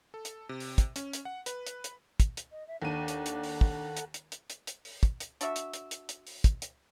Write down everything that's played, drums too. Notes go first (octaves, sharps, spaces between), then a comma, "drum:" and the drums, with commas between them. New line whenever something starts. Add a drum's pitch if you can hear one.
A4
drum: hi-hat
C3
drum: open hi-hat
drum: kick, hi-hat
C#4, drum: hi-hat
drum: hi-hat
F#5
B4, drum: hi-hat
drum: hi-hat
drum: hi-hat
drum: kick, hi-hat
drum: hi-hat
D#5
E5
D#2 D4 A4 F#5 D#7
drum: hi-hat
drum: hi-hat
drum: open hi-hat
drum: kick
drum: hi-hat
drum: hi-hat
drum: hi-hat
drum: hi-hat
drum: hi-hat
drum: open hi-hat
drum: kick, hi-hat
drum: hi-hat
D4 F#4 D5 E5, drum: hi-hat
drum: hi-hat
drum: hi-hat
drum: hi-hat
drum: hi-hat
drum: open hi-hat
drum: kick, hi-hat
drum: hi-hat